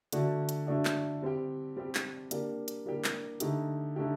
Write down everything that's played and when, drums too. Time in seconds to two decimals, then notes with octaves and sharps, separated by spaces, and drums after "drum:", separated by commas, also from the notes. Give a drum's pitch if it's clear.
0.13 D3 A3 D4 F#4, drum: hi-hat
0.49 drum: hi-hat
0.67 D3 A3 D4 F#4
0.85 drum: clap
1.22 G3 C4 G4
1.76 G3 C4 G4
1.95 drum: clap
2.31 G3 A#3 D4 G4, drum: hi-hat
2.68 drum: hi-hat
2.86 G3 A#3 D4 G4
3.04 drum: clap
3.40 D3 A3 D#4 G4, drum: hi-hat
3.96 D3 A3 D#4 G4